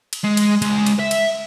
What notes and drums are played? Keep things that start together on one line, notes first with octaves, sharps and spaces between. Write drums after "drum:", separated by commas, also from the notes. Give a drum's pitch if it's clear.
drum: cymbal
G#3
drum: cymbal
C#2 G#3, drum: cymbal
drum: cymbal
E5
drum: cymbal